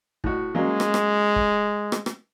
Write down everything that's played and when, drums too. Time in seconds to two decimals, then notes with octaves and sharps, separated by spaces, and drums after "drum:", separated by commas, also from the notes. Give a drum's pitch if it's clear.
0.24 A2 F#4, drum: kick
0.55 F#3 G#3 A#3 C#4
0.80 drum: rim click
0.94 drum: rim click
1.36 drum: kick
1.92 drum: rim click
2.06 drum: rim click